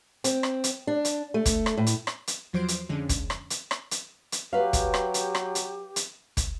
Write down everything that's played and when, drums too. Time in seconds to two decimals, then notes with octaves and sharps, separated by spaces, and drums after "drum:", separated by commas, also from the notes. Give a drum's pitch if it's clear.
0.24 C4, drum: hi-hat
0.43 drum: rim click
0.64 drum: hi-hat
0.87 D4
1.05 drum: hi-hat
1.34 A3
1.46 drum: kick, hi-hat
1.66 drum: rim click
1.77 A2
1.86 drum: hi-hat
2.07 drum: rim click
2.27 drum: hi-hat
2.53 E2 F3 F#3 C5 C6 D7
2.68 drum: hi-hat
2.89 F2 D3 G#3 C#4 D4
3.09 drum: kick, hi-hat
3.30 drum: rim click
3.50 drum: hi-hat
3.71 drum: rim click
3.91 drum: hi-hat
4.32 drum: hi-hat
4.53 F#3 G4 B4 F5
4.73 drum: kick, hi-hat
4.94 drum: rim click
5.14 drum: hi-hat
5.35 drum: rim click
5.55 drum: hi-hat
5.96 drum: hi-hat
6.37 drum: kick, hi-hat